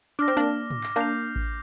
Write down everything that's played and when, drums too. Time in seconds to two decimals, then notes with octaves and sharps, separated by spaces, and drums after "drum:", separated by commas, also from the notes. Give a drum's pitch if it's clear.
0.19 D4 D6 F6 A#6
0.28 C4
0.37 A#3 D4
0.70 drum: tom
0.83 drum: clap
0.96 A#3 D4 G6 C7 F7
1.36 drum: kick A1